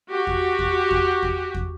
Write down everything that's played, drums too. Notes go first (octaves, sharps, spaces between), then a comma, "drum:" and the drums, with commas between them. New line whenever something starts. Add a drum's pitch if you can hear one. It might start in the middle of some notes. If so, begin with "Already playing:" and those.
F#4 G4
drum: kick E2
drum: kick E2
drum: kick E2
drum: kick E2
drum: kick E2